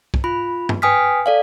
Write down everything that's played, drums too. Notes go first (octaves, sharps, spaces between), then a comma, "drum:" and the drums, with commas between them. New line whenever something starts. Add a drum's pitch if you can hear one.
drum: kick
F4 B5
drum: tom G2
B4 G5 G#5 D#6 F6 B6
A4 D5 F5